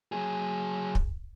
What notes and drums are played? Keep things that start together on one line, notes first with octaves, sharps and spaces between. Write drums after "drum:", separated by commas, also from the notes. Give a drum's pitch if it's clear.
F#3 G#4
drum: kick